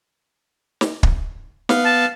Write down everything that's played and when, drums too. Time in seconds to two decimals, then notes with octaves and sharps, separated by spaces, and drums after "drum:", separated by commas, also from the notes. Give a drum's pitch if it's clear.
0.81 drum: snare
1.03 drum: kick
1.69 B3 F5, drum: snare
1.84 A5